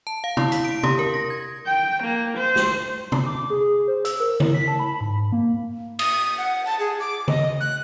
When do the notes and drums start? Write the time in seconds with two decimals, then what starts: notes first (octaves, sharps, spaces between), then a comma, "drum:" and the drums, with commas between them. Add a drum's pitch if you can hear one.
0.07 A5
0.24 F5
0.37 E4, drum: tom C3
0.52 B6, drum: hi-hat
0.65 D7
0.83 G4, drum: tom C3
0.99 A#4
1.14 A#6
1.30 G#6
1.67 G5
2.04 A#3
2.38 C5
2.56 drum: snare
3.12 drum: tom C3
3.26 D6
3.50 G#4
3.88 C5
4.05 E6, drum: hi-hat
4.20 A#4
4.40 E4, drum: tom C#3
4.54 B6
4.68 A5
4.80 B5
5.01 G#2
5.32 A#3
5.99 D#6, drum: cymbal
6.38 F#5
6.66 A5
6.79 G#4
7.00 D6
7.28 D#5, drum: tom C#3
7.60 F#6